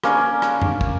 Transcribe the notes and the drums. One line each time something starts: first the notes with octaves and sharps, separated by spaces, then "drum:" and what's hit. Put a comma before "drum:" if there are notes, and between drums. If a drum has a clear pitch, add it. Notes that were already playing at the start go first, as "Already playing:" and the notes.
A#3 C#4 D4, drum: rim click
drum: rim click
drum: tom F2
drum: kick